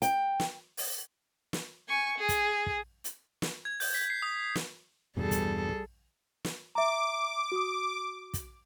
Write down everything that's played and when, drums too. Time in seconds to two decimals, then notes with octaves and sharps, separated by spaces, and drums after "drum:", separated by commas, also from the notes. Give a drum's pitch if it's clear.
0.02 G5, drum: hi-hat
0.40 drum: snare
0.77 drum: open hi-hat
1.53 drum: snare
1.89 G#5 C#6
2.18 G#4
2.29 drum: kick, hi-hat
2.66 drum: kick
3.04 drum: hi-hat
3.42 drum: snare
3.65 G#6
3.80 G6, drum: open hi-hat
3.94 B6
4.10 C7
4.22 D#6
4.55 drum: snare
5.17 E2 G2 B2 G3 G#4 A4
5.31 drum: kick, hi-hat
5.69 drum: kick
6.45 drum: snare
6.75 E5 A#5 D6
7.52 F#4 D#6
8.34 drum: kick, hi-hat